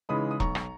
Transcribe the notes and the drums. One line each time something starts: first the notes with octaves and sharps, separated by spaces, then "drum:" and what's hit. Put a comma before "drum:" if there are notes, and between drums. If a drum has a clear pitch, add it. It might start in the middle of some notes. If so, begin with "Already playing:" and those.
C#3 E3 G#3 D#4 B5 D#6
D#6
B1 A#5 C#6, drum: kick E1
drum: rim click